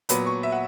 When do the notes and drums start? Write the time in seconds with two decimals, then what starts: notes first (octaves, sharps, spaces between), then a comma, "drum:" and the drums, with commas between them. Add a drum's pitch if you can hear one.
0.09 A#2 F#3 B3 B5, drum: hi-hat
0.26 C#6
0.43 E5
0.52 F#5